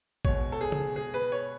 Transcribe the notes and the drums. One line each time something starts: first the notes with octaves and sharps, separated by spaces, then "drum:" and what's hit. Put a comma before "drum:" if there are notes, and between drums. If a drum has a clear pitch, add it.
B2 G#3 C#5, drum: kick
A4
G#4
drum: tom C#3
G#4
B4
C#5